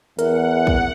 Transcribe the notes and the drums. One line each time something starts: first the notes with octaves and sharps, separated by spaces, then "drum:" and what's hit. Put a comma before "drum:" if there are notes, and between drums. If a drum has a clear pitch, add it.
E2 A#4 F#5, drum: hi-hat
drum: kick